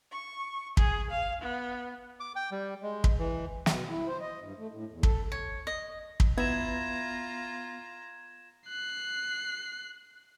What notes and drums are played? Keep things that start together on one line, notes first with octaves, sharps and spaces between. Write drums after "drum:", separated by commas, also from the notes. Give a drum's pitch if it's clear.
C#6
G#4, drum: kick
F5
B3
D6
G5
G3
G#3
drum: kick
E3
B2, drum: snare
E4
C5
D#5
G2
A3
A2
E2
A4, drum: kick
C#5
D#5
drum: kick
B3 E4 F4 A#5 G#6 E7
F#6 C7